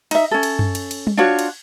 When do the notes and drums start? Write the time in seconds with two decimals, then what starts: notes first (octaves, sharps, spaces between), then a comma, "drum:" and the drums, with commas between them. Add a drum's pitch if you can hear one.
0.11 D#4 E5, drum: cymbal
0.31 C#4 A4
0.43 drum: cymbal
0.59 drum: tom F#2
0.75 drum: cymbal
0.91 drum: cymbal
1.07 drum: tom G3
1.17 D4 F4 F#4 C#5
1.39 drum: cymbal